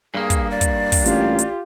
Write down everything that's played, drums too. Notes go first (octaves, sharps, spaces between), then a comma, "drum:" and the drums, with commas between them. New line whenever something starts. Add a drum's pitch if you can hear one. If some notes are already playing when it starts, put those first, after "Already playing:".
G2 A#3 G#4
drum: kick, hi-hat
D5
drum: kick, hi-hat
drum: kick, open hi-hat
A1 F4 G4, drum: hi-hat
drum: hi-hat